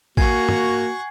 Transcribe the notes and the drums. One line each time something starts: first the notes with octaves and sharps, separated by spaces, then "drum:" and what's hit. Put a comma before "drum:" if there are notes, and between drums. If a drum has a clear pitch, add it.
A#3 F#4 F#5 G#5 C#6 G#6 C7, drum: kick
drum: tom